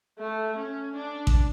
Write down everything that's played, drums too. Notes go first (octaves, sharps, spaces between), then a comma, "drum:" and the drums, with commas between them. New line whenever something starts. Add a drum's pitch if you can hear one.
A3
C#4
D4
drum: kick A1